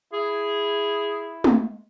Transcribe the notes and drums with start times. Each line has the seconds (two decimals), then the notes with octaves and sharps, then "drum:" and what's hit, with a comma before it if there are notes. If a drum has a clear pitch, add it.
0.13 E4 G#4
1.44 drum: tom